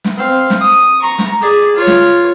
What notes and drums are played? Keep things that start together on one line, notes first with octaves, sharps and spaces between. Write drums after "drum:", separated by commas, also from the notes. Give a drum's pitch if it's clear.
drum: snare
C4 F5
drum: snare
D#6
A#5 C#6
drum: snare
G#4 D5, drum: hi-hat
F4 C#5
drum: snare